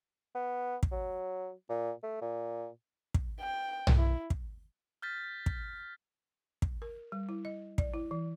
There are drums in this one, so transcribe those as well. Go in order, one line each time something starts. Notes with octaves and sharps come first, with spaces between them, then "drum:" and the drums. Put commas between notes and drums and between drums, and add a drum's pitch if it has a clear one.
B3
drum: kick
F#3
A#2
A3
A#2
drum: kick
G5
drum: tom B1
E4
drum: kick
F6 G6 A6 B6
drum: kick
drum: kick
A#4
G3
E4
D#5
D5, drum: kick
E4
E3